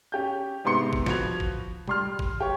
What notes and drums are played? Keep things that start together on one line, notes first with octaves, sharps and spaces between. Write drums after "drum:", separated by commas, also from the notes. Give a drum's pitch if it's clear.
C#4 G4 G6
G#2 C3 B3 C6 C#7
drum: kick G1
F3 F#4 B4 G#6 F7, drum: snare
drum: kick G1
G3 C6 F6, drum: tom
drum: kick G1
G4 C#5